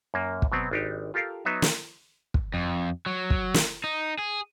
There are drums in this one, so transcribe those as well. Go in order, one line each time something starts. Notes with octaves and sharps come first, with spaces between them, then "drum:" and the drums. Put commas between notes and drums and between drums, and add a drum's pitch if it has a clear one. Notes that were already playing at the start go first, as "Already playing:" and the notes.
F#2 A#3
drum: kick
B2 F#3 B3 C4
G#1 D4 D#4 G4
F4 G4 A4 A#4 F5
F#3 B3 D#4 E5
drum: snare
drum: kick
F2
F#3
drum: kick
drum: snare
D#4
G#4